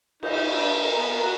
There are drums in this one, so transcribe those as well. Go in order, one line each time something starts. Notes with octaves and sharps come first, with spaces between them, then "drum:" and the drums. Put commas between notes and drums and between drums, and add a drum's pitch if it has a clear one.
D#4, drum: cymbal
E5
D4
E5
A#4
B3
A#4
F#4